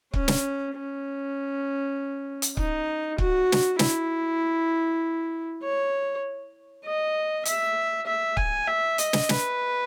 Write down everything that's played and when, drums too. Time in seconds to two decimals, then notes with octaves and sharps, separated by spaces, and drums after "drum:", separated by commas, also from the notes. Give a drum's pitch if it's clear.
0.14 C#4, drum: kick C#1
0.28 drum: snare
0.75 C#4
2.42 drum: hi-hat
2.57 D#4, drum: kick C#1
3.18 F#4, drum: kick C#1
3.52 drum: snare
3.79 E4, drum: snare
5.62 C#5
6.85 D#5
7.45 E5, drum: hi-hat
8.07 E5
8.37 G#5, drum: kick C#1
8.67 E5
8.98 D#5, drum: hi-hat
9.13 drum: snare
9.29 B4, drum: snare